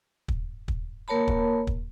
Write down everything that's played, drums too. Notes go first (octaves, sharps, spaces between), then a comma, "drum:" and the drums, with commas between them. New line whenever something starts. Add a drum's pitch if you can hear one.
drum: kick
drum: kick
A#3 A#4 C#5 A5 B5
drum: kick
drum: kick